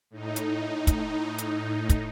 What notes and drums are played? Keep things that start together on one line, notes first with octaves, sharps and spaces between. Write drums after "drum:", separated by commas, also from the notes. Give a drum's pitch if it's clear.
A2 D#4
drum: hi-hat
drum: kick, hi-hat
drum: hi-hat
drum: kick, hi-hat